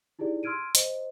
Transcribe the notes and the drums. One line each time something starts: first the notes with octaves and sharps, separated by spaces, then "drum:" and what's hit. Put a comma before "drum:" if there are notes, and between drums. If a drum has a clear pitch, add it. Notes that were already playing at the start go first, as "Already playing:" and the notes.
D#4 E4 G4 G#4 D5
C6 E6 F6 G#6 D7 D#7
C5 D#5, drum: hi-hat